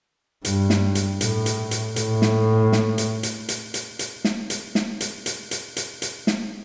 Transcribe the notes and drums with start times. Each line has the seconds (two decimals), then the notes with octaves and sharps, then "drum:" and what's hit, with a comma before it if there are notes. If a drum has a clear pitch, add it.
0.45 G2, drum: hi-hat
0.70 drum: snare
0.95 drum: hi-hat
1.21 A2, drum: hi-hat
1.46 drum: hi-hat
1.71 drum: hi-hat
1.96 A2, drum: hi-hat
2.22 drum: snare
2.73 drum: snare
2.98 drum: hi-hat
3.23 drum: hi-hat
3.49 drum: hi-hat
3.74 drum: hi-hat
3.99 drum: hi-hat
4.25 drum: snare
4.50 drum: hi-hat
4.75 drum: snare
5.00 drum: hi-hat
5.26 drum: hi-hat
5.51 drum: hi-hat
5.76 drum: hi-hat
6.02 drum: hi-hat
6.27 drum: snare